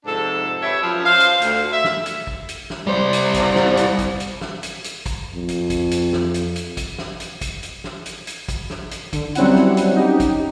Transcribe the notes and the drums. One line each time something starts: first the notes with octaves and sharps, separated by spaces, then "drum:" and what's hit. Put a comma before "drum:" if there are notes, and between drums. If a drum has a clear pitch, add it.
F2 G#2 C3 D4 A4
G4 B4 C#5 E5
F#2 F3
C5 F5
drum: hi-hat
D2, drum: hi-hat
E5
drum: snare
drum: hi-hat
drum: kick
drum: hi-hat
drum: snare
G3 C5
drum: hi-hat
drum: kick, hi-hat
drum: snare
drum: hi-hat
drum: kick, hi-hat
drum: hi-hat
drum: snare
drum: hi-hat
drum: hi-hat
drum: kick, hi-hat
F2
drum: hi-hat
drum: kick, hi-hat
drum: hi-hat
drum: snare
drum: hi-hat
drum: hi-hat
drum: kick, hi-hat
drum: snare
drum: hi-hat
drum: kick, hi-hat
drum: hi-hat
drum: snare
drum: hi-hat
drum: hi-hat
drum: kick, hi-hat
drum: snare
drum: hi-hat
D3, drum: kick, hi-hat
F#3 G3 C4 C#4 E4 F#5, drum: hi-hat
drum: snare
drum: hi-hat
D#4 G4
drum: kick, hi-hat